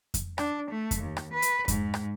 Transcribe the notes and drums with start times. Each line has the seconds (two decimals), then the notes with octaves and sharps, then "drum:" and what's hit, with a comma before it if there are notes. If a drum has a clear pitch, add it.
0.14 drum: kick F2, hi-hat
0.38 D4, drum: rim click
0.71 A3
0.91 drum: kick F2, hi-hat
1.00 D#2
1.17 drum: rim click
1.33 B4
1.42 drum: hi-hat
1.68 G#2, drum: kick F2, hi-hat
1.94 drum: rim click